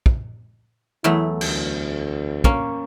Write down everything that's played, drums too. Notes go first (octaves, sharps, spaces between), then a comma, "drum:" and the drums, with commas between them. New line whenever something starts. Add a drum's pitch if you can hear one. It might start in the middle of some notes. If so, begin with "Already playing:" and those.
drum: kick
E2 F#3 A3 E4
D2, drum: cymbal
A#3 C#4, drum: kick